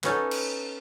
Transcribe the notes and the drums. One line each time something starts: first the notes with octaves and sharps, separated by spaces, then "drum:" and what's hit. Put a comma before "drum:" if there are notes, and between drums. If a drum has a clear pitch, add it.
B3 C#4 D#4 A4, drum: clap
drum: cymbal